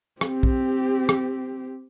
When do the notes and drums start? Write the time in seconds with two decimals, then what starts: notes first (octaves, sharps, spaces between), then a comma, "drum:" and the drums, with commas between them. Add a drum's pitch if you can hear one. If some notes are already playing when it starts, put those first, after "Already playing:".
0.21 C4 G4, drum: rim click
0.43 drum: kick
1.09 drum: rim click